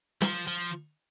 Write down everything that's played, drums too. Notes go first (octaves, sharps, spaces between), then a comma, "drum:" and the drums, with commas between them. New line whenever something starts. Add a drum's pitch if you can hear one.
F3, drum: snare
F3